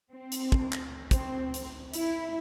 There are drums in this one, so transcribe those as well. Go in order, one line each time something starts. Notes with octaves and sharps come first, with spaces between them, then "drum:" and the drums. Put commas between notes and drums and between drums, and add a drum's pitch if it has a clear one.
C4
drum: hi-hat
drum: kick
drum: clap
C4, drum: kick, hi-hat
drum: hi-hat
E4, drum: hi-hat